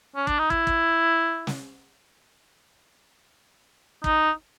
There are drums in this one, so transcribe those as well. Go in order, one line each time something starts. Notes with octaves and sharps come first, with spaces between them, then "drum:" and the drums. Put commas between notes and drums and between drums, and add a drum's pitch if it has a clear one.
C#4
D4, drum: kick
D#4
E4, drum: kick
drum: kick
drum: snare
D#4, drum: kick